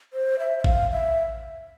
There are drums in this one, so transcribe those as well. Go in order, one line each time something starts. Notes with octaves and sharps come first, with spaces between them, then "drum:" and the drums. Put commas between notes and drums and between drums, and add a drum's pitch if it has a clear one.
C5
E5
E5
F5, drum: kick A1
E5